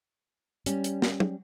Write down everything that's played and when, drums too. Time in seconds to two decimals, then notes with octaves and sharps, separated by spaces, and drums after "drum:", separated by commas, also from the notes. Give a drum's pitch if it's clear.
0.66 G3 C#4, drum: hi-hat
0.84 drum: hi-hat
1.02 drum: snare
1.20 drum: tom